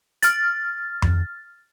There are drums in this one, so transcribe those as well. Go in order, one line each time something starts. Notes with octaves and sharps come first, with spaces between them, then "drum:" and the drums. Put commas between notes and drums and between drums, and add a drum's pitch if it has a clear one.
F6 A6, drum: hi-hat
drum: tom F2